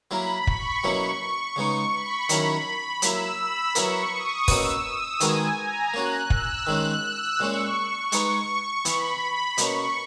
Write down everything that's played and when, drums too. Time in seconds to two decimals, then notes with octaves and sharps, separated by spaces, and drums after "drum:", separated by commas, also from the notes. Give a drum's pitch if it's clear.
0.11 F#3 A#3 E4 A#4 B5
0.47 C#6, drum: kick
0.84 B2 F#3 A#3 C#4 E4
1.56 C#3 G#3 B3 D#4 C#6
1.93 B5
2.29 D#3 F#3 C#4 E4 A#4, drum: hi-hat
3.02 F#3 A#3 E4 E6, drum: hi-hat
3.39 B5
3.75 F#3 B3 E4 A#4 C#6, drum: hi-hat
4.12 D#6
4.48 B2 A#3 C#4 F#4 B4 E6, drum: kick, open hi-hat
4.85 D#6
5.20 D#3 G#3 B3 F#4 A#4 G#5, drum: hi-hat
5.57 A#5
5.94 A#3 C#4 F#4 F#6
6.30 E6, drum: kick
6.67 D#3 G#3 C#4 F#6
7.03 E6
7.39 A#2 G#3 C#4 C#6
8.12 G#3 D#4 G#4 B4 C#6, drum: hi-hat
8.49 C#6
8.85 E3 B3 E4 B5, drum: hi-hat
9.58 B2 A#3 C#4 C#6, drum: hi-hat